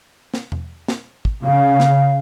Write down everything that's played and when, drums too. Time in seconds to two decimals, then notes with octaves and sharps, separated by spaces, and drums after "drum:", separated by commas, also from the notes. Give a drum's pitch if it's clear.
0.34 drum: snare
0.52 drum: tom E2
0.88 drum: snare
1.25 drum: kick
1.43 C#3 F5
1.80 drum: snare